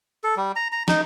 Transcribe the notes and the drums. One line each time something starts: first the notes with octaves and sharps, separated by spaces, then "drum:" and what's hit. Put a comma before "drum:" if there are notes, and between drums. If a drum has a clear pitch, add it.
A4
G3
A#5
A#5
D#4, drum: snare